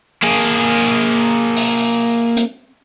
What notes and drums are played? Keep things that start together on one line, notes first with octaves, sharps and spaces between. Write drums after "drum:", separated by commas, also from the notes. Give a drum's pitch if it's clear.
A#3 G#4
drum: open hi-hat
drum: hi-hat